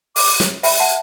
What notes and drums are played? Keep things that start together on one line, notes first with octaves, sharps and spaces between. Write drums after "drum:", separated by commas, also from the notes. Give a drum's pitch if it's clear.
D6, drum: open hi-hat
drum: snare
E5 G5 B5, drum: open hi-hat
F#5 A5